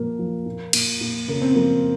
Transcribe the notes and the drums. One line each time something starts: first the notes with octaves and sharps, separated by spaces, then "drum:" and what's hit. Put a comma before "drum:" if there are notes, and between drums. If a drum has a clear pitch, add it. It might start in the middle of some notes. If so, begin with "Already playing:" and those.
Already playing: A#2 F3 A#3
F3
A#2
A#2, drum: cymbal
A#2
C#3 A#3
C4
F3 A#3